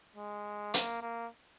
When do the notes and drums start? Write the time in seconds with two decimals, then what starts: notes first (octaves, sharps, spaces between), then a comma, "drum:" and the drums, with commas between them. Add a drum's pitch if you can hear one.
0.16 G#3
0.74 A#3, drum: hi-hat
1.02 A#3